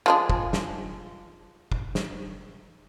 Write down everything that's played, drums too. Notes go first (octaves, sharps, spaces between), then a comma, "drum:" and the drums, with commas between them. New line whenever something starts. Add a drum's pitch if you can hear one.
F3 G#3 D4
drum: kick
drum: snare
drum: kick
drum: snare